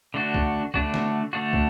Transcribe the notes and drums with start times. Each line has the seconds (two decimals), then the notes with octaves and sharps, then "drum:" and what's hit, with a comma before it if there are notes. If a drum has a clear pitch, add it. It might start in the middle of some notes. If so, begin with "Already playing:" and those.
0.14 D3 A3 D4 F#4
0.34 drum: kick
0.74 D3 A3 D4 F#4, drum: kick
0.94 drum: snare
1.33 D3 A3 D4 F#4
1.53 drum: kick